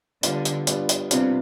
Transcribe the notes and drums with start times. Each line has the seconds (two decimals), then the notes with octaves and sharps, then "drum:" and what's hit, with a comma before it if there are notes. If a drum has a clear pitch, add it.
0.23 D3 G3 B3 D4 F4, drum: hi-hat
0.45 drum: hi-hat
0.67 G3 B3 D4 F4, drum: hi-hat
0.89 drum: hi-hat
1.11 C3 G3 B3 D4 F4, drum: hi-hat